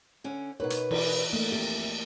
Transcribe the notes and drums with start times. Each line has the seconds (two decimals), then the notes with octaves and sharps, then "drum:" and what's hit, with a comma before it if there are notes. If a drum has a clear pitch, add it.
0.24 D3 C#4
0.60 B2 D#4 A#4 B4 C#5
0.70 drum: hi-hat
0.91 E3 D5, drum: cymbal
1.33 A3 A#3
1.52 F2 A#3 G4 E5